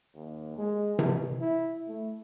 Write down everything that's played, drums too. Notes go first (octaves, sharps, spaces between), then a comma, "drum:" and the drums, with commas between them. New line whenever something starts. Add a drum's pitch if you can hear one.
D#2
G#3
E3, drum: tom C3
E4
A3